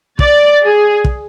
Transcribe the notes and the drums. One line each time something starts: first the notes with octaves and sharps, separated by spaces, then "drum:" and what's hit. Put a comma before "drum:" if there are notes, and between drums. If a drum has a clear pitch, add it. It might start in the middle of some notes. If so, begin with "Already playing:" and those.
D5, drum: kick
G#4
drum: kick